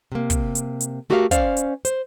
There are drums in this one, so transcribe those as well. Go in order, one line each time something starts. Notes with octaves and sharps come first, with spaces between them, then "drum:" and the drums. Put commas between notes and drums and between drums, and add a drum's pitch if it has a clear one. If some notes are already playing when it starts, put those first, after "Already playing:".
C3 A#3
drum: kick, hi-hat
drum: hi-hat
drum: hi-hat
A3 F#4 G4 A#4 E5 F5
C#4 C5 D5 F5, drum: kick, hi-hat
drum: hi-hat
C5, drum: hi-hat